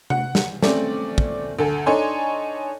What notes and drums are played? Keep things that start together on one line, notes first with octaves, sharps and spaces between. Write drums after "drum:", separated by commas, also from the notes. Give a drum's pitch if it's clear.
F#5, drum: tom C3
drum: snare
A3 C4 C#4 D5, drum: snare
drum: kick
D2 A4 G#5
D4 D#4 A4 C#5 G#5 C6